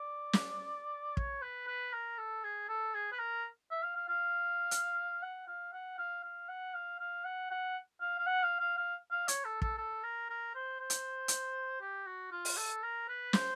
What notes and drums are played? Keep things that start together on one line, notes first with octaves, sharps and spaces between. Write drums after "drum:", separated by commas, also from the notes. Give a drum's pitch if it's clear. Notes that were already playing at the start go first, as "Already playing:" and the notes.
Already playing: D5
drum: snare
C#5, drum: kick
B4
B4
A#4
A4
G#4
A4
G#4
B4
A#4
E5
F5
F5
F5
drum: hi-hat
F#5
F5
F#5
F5
F5
F#5
F5
F5
F#5
F#5
F5
F5
F#5
F5
F5
F5
F5
C#5, drum: hi-hat
A4
A4, drum: kick
A4
A#4
A#4
C5
C5
drum: hi-hat
drum: hi-hat
G4
F#4
F4
drum: open hi-hat
A4
A#4
B4
C5, drum: snare